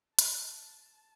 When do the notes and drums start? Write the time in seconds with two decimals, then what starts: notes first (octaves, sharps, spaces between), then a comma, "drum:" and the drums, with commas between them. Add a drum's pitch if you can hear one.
0.19 A5, drum: hi-hat